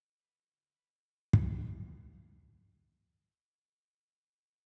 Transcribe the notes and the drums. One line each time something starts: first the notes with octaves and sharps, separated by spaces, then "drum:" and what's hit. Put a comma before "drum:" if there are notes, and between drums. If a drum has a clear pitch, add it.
B4
F2
C#2
B4
drum: kick
F#4 A4 F#5 A#5